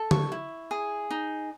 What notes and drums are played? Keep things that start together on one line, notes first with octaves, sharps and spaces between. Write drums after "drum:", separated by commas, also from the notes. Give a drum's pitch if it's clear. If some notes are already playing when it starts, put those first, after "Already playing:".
Already playing: A4
C#6, drum: tom
E4
G#4
D#4